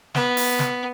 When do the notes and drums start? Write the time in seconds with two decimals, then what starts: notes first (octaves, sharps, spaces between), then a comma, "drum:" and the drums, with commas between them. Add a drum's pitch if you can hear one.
0.15 B3, drum: snare
0.37 drum: open hi-hat
0.59 drum: snare